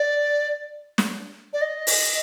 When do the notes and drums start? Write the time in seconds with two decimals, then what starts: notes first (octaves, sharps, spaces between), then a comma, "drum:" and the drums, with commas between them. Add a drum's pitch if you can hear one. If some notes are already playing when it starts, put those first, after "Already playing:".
Already playing: D5
0.98 drum: snare
1.53 D5
1.61 D#5
1.87 drum: open hi-hat